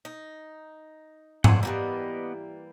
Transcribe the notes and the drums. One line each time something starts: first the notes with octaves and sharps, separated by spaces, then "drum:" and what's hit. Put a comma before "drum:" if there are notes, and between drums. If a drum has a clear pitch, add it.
D#4
C5 C#5 F#5, drum: tom G#2
E3 G3 A#3 B3 D5 D#5